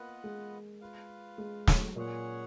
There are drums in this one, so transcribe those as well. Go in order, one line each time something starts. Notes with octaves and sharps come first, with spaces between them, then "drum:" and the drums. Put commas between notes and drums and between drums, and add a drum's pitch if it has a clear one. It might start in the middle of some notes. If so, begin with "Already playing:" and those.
Already playing: A#3 B3 F4 B4 D#5 F#5
G#3
F4 B4 F5
G#3
F#3, drum: snare
A#2 C#4 G#4 C#5 F#5